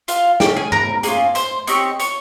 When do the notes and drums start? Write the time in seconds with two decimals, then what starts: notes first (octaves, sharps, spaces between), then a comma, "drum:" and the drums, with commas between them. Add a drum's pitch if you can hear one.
0.08 F4 F5, drum: hi-hat
0.40 C#4 G4 G#4 G5, drum: snare
0.56 G#4 G#5
0.72 A#4 A#5, drum: tom G2
1.03 A#3 C#4 F4 G#4 G#5, drum: hi-hat
1.35 C5 C6, drum: hi-hat
1.67 C4 D#4 G4 C#5 C#6, drum: hi-hat
1.99 C#5 C#6, drum: hi-hat